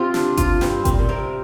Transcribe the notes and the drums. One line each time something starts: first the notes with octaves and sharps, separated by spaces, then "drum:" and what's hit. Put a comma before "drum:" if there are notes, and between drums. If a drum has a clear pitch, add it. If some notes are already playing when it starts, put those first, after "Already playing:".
Already playing: C3 C4 F4
D4, drum: snare
F4, drum: kick G1, hi-hat
G2 C4, drum: snare
A#2 C4, drum: kick G1, hi-hat
A#2
C3 A#4